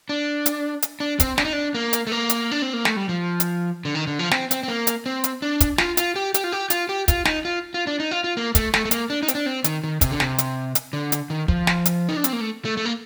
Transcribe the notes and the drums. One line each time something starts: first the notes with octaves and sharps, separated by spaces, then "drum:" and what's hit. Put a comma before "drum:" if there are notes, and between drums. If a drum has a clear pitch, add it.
D4
drum: hi-hat
drum: hi-hat
D4
C4, drum: kick, hi-hat
D4, drum: snare
D#4
D4
A#3
drum: hi-hat
A3
A#3
drum: hi-hat
D4
C4
A#3
A3, drum: snare
G3
F3
drum: hi-hat
D3
D#3
D3
F3
C4, drum: snare
C4, drum: hi-hat
C4
A#3
drum: hi-hat
C4
drum: hi-hat
D4
drum: kick, hi-hat
F4, drum: snare
F4, drum: hi-hat
G4
G4, drum: hi-hat
F4
G4
F4, drum: hi-hat
G4
F4, drum: kick, hi-hat
D#4, drum: snare
F4
F4
D4
D#4
F4
F4
A#3
A3, drum: kick, hi-hat
A3, drum: snare
A3
A#3, drum: hi-hat
D4
D#4
C4, drum: hi-hat
D4
C4
D#3, drum: hi-hat
D#3
C3, drum: kick, hi-hat
D3
C3, drum: snare
drum: hi-hat
drum: hi-hat
D3
drum: hi-hat
D#3
F3, drum: kick
drum: snare
drum: hi-hat
D#4
D4
C4, drum: hi-hat
A#3
A3
A3
A3
A#3